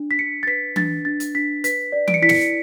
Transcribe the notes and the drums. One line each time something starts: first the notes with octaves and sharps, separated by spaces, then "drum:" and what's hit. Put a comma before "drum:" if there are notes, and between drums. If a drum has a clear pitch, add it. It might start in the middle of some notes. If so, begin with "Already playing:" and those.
Already playing: D4
B6
D4 C#7
A6
B4 B6
D4 A6, drum: tom E3
D4 A6
drum: hi-hat
D4 B6
B4 B6, drum: hi-hat
D5
D7, drum: tom E3
C#7
E4 B6
C#7, drum: snare